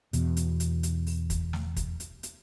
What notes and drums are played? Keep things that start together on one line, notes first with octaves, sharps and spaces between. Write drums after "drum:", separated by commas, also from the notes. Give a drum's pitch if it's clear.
E2 B2, drum: hi-hat
drum: hi-hat
drum: hi-hat
drum: hi-hat
drum: open hi-hat
drum: kick, hi-hat
drum: snare
drum: kick, hi-hat
drum: hi-hat
drum: hi-hat